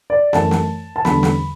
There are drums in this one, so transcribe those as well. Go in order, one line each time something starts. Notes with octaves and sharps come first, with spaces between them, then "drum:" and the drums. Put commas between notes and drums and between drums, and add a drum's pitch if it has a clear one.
D5
F#2 E3 A3 A5, drum: snare
drum: snare
A5
E2 D3 G3 B5, drum: snare
drum: snare